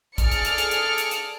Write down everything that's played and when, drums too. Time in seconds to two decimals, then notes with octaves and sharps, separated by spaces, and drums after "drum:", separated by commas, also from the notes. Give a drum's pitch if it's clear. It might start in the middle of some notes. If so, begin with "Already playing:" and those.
0.18 G#4 A4 D5 F6 C#7 D7, drum: kick, hi-hat
0.31 drum: hi-hat
0.45 drum: hi-hat
0.58 drum: hi-hat
0.71 drum: hi-hat
0.98 drum: hi-hat
1.11 drum: hi-hat